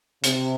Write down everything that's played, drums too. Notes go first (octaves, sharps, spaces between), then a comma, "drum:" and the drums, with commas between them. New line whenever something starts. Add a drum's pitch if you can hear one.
C3, drum: hi-hat